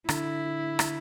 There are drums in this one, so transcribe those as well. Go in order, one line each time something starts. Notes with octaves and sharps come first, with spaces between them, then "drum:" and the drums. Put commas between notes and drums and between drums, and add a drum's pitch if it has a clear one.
D3 E4, drum: rim click
drum: rim click